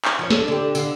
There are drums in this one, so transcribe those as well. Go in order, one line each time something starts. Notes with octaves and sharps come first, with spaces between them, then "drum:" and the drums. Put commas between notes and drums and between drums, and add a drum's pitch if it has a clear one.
drum: clap
F3 C#4 C#5
D4 A4, drum: snare
D3 G4
D3 F5, drum: tambourine